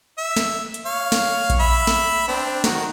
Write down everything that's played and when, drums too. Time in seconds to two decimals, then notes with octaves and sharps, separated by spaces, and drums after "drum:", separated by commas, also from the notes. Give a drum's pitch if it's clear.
0.18 E5
0.36 drum: snare
0.74 drum: hi-hat
0.85 C#5 F5
1.12 drum: snare
1.50 drum: kick A#1, hi-hat
1.60 E5 B5
1.87 drum: snare
2.28 C4 D4
2.64 D#3 F#4, drum: snare